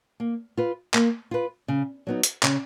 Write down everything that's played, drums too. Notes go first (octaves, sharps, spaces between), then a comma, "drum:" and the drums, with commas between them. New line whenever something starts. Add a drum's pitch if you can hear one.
A#3
F4 B4
A#3, drum: clap
F4 B4
C#3
F#3 B3 D#4
drum: hi-hat
C#3, drum: clap